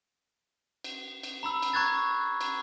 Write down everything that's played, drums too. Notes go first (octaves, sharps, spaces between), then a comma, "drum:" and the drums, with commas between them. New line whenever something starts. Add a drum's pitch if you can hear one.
drum: cymbal
drum: cymbal
A#5 B5 E6
drum: cymbal
A#5 C#6 F#6 G#6 A6
drum: cymbal